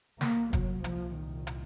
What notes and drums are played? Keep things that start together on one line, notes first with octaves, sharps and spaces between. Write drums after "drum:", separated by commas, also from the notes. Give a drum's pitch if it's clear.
C2 A#2 A#3, drum: snare
F#3, drum: kick, hi-hat
F3, drum: hi-hat
D#3
drum: hi-hat